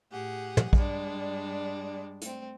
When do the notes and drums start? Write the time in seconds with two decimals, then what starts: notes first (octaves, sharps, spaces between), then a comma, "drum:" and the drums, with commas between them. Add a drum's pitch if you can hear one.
0.12 A2 G4 G#4 F#5
0.57 drum: tom
0.73 G2 G3 G#3 D4, drum: kick
2.21 A3 C4, drum: hi-hat